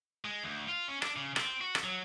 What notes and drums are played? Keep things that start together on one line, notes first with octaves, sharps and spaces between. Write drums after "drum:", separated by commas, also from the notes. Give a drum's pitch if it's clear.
G#3
D2
F4
C#4
D4, drum: rim click
C#3
C4, drum: rim click
F#4
drum: rim click
F#3